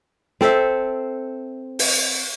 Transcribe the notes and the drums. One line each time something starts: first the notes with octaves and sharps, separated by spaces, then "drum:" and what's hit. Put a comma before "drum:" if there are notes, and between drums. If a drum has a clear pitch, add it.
C4 A4 C5 E5, drum: snare
drum: open hi-hat